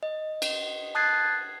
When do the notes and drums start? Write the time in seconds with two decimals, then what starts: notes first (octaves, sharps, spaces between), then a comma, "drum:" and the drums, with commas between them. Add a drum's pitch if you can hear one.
0.03 D#5
0.42 drum: cymbal
0.95 A5 D#6 F#6 G#6 A6 C7